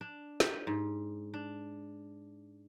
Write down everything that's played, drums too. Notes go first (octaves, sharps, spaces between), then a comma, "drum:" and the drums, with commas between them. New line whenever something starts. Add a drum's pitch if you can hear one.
D4
G4, drum: snare
G#2
D4